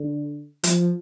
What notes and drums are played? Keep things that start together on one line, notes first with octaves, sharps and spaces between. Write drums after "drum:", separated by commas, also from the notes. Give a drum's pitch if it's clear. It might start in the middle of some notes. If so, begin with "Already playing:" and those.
Already playing: D3
F3, drum: hi-hat